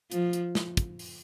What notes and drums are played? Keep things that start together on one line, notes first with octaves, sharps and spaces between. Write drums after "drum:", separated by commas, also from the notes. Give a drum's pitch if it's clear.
F3, drum: hi-hat
drum: hi-hat
drum: snare
drum: kick, hi-hat
drum: open hi-hat